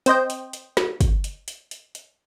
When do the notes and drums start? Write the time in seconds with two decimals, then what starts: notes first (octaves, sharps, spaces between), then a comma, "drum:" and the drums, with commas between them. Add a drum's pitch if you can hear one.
0.06 C4 C5 D#5 G5, drum: hi-hat
0.30 drum: hi-hat
0.53 drum: hi-hat
0.77 drum: snare
1.01 drum: kick, hi-hat
1.24 drum: hi-hat
1.48 drum: hi-hat
1.71 drum: hi-hat
1.95 drum: hi-hat